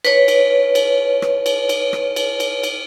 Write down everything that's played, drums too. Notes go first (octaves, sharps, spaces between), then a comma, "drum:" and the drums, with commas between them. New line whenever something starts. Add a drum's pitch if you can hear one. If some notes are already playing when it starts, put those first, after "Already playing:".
B4 C#5, drum: cymbal
drum: cymbal
drum: cymbal
drum: rim click
drum: cymbal
drum: cymbal
drum: rim click
drum: cymbal
drum: cymbal
drum: cymbal